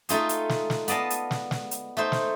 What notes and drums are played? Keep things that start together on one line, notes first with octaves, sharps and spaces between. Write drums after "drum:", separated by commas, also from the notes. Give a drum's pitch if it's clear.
A3 D#4 F4 G#4, drum: hi-hat
drum: hi-hat
drum: snare
drum: snare
B3 D5 D#5 F5 A5, drum: hi-hat
drum: hi-hat
drum: snare
drum: snare
drum: hi-hat
A3 D#4 C5
drum: snare